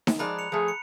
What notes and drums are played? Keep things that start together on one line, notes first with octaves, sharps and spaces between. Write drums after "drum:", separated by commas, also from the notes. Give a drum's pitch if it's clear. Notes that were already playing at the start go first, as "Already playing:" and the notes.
drum: snare D#4
F3 G#3 D5 A#5 B5 F#6
C#7 F7
F3 A3 G#4
C#7